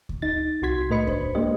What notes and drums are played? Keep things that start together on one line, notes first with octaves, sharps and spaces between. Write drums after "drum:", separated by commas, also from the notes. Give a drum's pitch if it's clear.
drum: kick D2
D#4 A6
C2 C3 F#4 C6 G#6 B6
A2 A3 B4 D#5 B5 C#7
D4 C5, drum: kick D2
G#3 A#3 D4 G4 C5 D#5